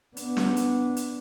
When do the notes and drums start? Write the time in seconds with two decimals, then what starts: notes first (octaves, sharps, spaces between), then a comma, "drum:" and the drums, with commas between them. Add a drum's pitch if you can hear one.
0.17 B3 D4, drum: hi-hat
0.37 drum: snare
0.57 drum: hi-hat
0.96 drum: hi-hat